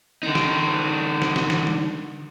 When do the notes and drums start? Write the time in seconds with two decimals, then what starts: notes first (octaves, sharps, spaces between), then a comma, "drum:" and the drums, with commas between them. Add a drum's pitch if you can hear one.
0.23 D3 D#4
0.35 drum: snare
1.22 drum: snare
1.36 drum: snare
1.50 drum: snare
1.67 drum: tom